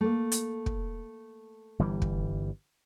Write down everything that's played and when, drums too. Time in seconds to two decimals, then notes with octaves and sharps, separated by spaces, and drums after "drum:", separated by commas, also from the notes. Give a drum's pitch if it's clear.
0.01 A3 A#3
0.32 drum: hi-hat
0.66 drum: kick
1.79 G1 E3 G3
2.02 drum: kick